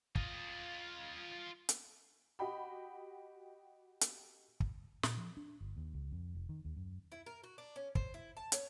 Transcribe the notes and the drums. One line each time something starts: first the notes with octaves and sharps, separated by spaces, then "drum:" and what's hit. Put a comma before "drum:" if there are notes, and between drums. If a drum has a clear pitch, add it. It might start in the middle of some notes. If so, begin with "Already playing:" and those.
F4 D#5, drum: kick
drum: hi-hat
F#4 G4 D#5 G5 B5
drum: hi-hat
drum: kick
A#2, drum: snare
F3
D4
G1
D#2
C#2
F2
F1
D#3
D#2
F#2
E4
A#4
F#4
D4
C#4
C5, drum: kick
E4
A5
C#5, drum: hi-hat